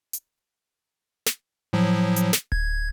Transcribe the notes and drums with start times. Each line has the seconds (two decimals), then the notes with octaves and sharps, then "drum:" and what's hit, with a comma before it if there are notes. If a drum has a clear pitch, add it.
0.13 drum: hi-hat
1.26 drum: snare
1.73 A2 F3 F#3
2.16 drum: hi-hat
2.33 drum: snare
2.52 G#6, drum: kick D1